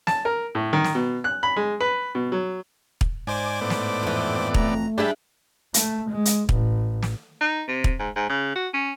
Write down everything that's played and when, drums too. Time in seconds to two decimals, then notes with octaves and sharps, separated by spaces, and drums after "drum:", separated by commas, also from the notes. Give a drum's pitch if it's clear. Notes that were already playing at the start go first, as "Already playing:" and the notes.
0.07 A5, drum: snare
0.25 A#4
0.55 A2
0.73 D#3
0.84 drum: snare
0.95 B2
1.24 F#6
1.43 B5
1.56 G#3
1.81 B4
2.15 B2
2.32 F#3
3.01 drum: kick
3.27 G#2 C5 D5 G#5 D6
3.61 A2 B3 D5
3.70 drum: snare
4.03 F2 E3
4.54 A3 A#5, drum: kick
4.98 G3 D4 G#4 E5 G5 A5 B5
5.74 A3, drum: hi-hat
6.09 G#3
6.25 drum: hi-hat
6.49 A1, drum: kick
7.03 drum: snare
7.41 D#4
7.68 C3
7.84 drum: kick
7.99 G#2
8.16 G#2
8.29 C#3
8.55 F#4
8.74 C#4